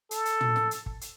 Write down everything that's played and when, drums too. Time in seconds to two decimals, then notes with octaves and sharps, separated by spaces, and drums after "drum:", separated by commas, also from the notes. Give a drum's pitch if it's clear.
0.11 A4, drum: hi-hat
0.25 drum: hi-hat
0.41 drum: tom
0.56 drum: snare
0.71 drum: hi-hat
0.86 drum: kick
1.01 drum: hi-hat